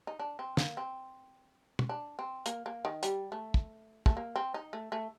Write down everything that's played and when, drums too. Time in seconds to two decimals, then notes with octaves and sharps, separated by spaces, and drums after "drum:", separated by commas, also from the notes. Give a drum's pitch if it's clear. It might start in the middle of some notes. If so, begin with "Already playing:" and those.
0.07 D#4
0.19 D4
0.39 C4
0.57 A#3, drum: snare
0.77 C4
1.79 drum: tom
1.89 D4
2.19 C4
2.46 A#3, drum: hi-hat
2.66 A#3
2.85 D#3
3.03 G3, drum: hi-hat
3.32 A3
3.54 drum: kick
4.06 A3, drum: kick
4.17 A#3
4.36 C4
4.54 D#4
4.73 A3
4.92 A3